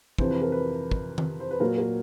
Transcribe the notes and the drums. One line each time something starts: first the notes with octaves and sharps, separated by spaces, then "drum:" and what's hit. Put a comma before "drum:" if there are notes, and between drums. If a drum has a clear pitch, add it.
F2 C3 E3 C5, drum: kick
B4
A#4
B4
drum: kick
drum: tom D#3
C5
B4
A#2 F#3 A#4
A#4